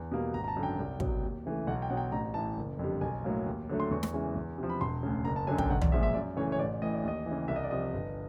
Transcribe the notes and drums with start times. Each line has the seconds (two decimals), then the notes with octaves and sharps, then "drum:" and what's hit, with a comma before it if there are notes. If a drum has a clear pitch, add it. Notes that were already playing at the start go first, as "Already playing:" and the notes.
Already playing: E2
0.12 B2 G3 A#3
0.33 G#1 A#5
0.44 A#5
0.48 A5
0.56 F#2 D3
0.63 G5
0.78 C2
1.00 B2 F#3, drum: kick
1.23 D#2
1.46 C#3 E3 A3
1.67 B1 F#5
1.82 G5
1.90 B2 F#3 F#5
1.97 G5
2.12 A1 A#5
2.34 A2 E3 A5
2.57 F#1
2.79 F2 D3 G3
3.01 B1 G#5
3.24 A2 F#3 A#3
3.46 D#2
3.69 D3 F#3 A3
3.80 C6
3.91 E2 C#6
4.03 drum: snare
4.13 C#3 E3 G#3
4.35 E2
4.58 C3 F3
4.69 B5
4.81 E1 C6
5.03 D2 C#3
5.25 F#1 A#5
5.36 A5
5.47 F#2 D3 F#3 G#5
5.58 G5, drum: kick
5.70 B1 F#5
5.82 D5, drum: tom
5.92 A#2 F3 G#3 E5
6.03 E5
6.14 F#2 D5
6.37 C#3 E3 A3 C#5
6.52 C#5
6.59 A1 D5
6.82 A2 E3 D#5
6.94 D5
7.03 D#2 D#5
7.26 E3
7.31 C#3
7.48 C2 E5
7.56 D#5
7.64 D5
7.71 C3 F3 D#5
7.93 G1